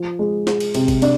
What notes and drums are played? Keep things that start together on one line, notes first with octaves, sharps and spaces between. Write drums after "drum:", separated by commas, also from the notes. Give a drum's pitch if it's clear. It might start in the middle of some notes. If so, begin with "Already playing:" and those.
Already playing: F3
G#3
G#3, drum: snare
drum: cymbal
C3, drum: cymbal
drum: kick, cymbal
D4, drum: cymbal